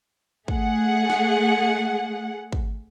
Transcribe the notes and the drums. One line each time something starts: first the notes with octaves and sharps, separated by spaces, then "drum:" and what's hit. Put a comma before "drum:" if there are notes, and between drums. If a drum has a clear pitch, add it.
A3 G#4 F#5, drum: kick
drum: snare
drum: kick